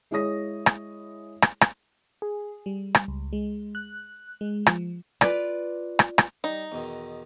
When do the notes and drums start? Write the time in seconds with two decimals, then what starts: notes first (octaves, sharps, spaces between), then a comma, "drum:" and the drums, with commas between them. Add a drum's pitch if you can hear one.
0.11 G#3 E4 G#4 C#5 D#6 A#6
0.66 drum: rim click
1.42 drum: rim click
1.61 drum: rim click
2.22 G#4
2.66 G3
2.95 drum: rim click
3.08 C#2
3.33 G#3
3.75 F#6
4.41 G#3
4.66 F3, drum: rim click
5.21 F4 B4 D5, drum: rim click
5.99 drum: rim click
6.18 drum: rim click
6.44 G3 D#4
6.72 E2 B2 D#3